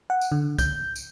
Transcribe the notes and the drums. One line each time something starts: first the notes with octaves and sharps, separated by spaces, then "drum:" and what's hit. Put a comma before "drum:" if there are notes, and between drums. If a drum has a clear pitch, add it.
F#5
drum: tambourine
D3
G6, drum: kick, tambourine
drum: tambourine